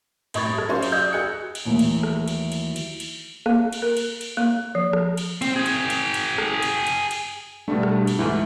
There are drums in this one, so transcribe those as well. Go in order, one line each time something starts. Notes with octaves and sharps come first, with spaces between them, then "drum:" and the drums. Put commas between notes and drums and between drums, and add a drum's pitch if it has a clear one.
A2 D#5 B5 C#6 G#6 A6, drum: cymbal
G2
drum: rim click
F#3 C#4 G#4 C5 C#5 F5
drum: cymbal
D5 D#5 F5 E6 G6 G#6
F#4 G#4 F#6 C#7
drum: cymbal
D#2 C#3 E3 F#3 A3 E5
drum: cymbal
drum: rim click
drum: cymbal
drum: cymbal
drum: cymbal
drum: cymbal
A#3, drum: rim click
drum: cymbal
A#4
drum: cymbal
drum: cymbal
A#3
F3
drum: rim click
drum: cymbal
C4, drum: cymbal
G#4 G5
drum: cymbal
drum: cymbal
drum: cymbal
drum: rim click
drum: cymbal
drum: cymbal
drum: cymbal
G2 B2 G3 A3
drum: rim click
drum: cymbal
D2 G#2 E3 A3